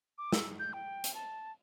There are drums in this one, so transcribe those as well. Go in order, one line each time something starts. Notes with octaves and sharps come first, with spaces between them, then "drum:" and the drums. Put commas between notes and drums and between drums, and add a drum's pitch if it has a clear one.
D6
E6, drum: snare
G6
G5
drum: hi-hat
A5